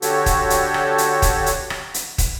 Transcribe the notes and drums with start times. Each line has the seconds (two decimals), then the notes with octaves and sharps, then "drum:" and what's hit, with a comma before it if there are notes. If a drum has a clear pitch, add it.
0.02 D3 F#4 G4 A4 C#5, drum: hi-hat
0.26 drum: kick, hi-hat
0.50 drum: hi-hat
0.74 drum: rim click
0.98 drum: hi-hat
1.22 drum: kick, hi-hat
1.46 drum: hi-hat
1.70 drum: rim click
1.94 drum: hi-hat
2.18 drum: kick, hi-hat